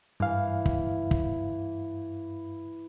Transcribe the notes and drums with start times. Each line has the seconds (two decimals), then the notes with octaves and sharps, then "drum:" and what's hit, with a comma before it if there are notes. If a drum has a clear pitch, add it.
0.20 G2 E3 F5
0.66 drum: kick
1.11 drum: kick